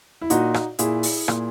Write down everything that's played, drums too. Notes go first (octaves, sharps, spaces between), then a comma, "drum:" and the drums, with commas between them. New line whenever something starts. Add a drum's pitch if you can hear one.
E4
A#2 D#4 F#4, drum: hi-hat
drum: rim click
A#2 E4 G#4, drum: hi-hat
drum: open hi-hat
A#2, drum: rim click